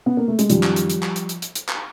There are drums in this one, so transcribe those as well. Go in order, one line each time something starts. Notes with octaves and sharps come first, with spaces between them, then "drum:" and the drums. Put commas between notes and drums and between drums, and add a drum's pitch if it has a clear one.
B3
A#3
A3
G#3, drum: hi-hat
F#2 D#3 F3 G3, drum: hi-hat
drum: clap
drum: hi-hat
drum: hi-hat
drum: clap
drum: hi-hat
drum: hi-hat
drum: hi-hat
drum: hi-hat
drum: clap